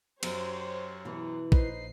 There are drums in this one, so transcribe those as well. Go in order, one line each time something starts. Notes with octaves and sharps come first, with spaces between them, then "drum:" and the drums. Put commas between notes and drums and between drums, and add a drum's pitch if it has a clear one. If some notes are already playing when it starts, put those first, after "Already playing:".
F#2 G4 C5 C#5, drum: cymbal
B2 E3
A#1 D#4 B4 C5 C7, drum: kick